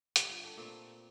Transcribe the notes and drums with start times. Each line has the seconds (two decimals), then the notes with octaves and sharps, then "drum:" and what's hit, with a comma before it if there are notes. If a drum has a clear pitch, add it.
0.16 G2 D3 G3 G4, drum: hi-hat
0.30 F4
0.44 A4
0.57 A#2 A3 C4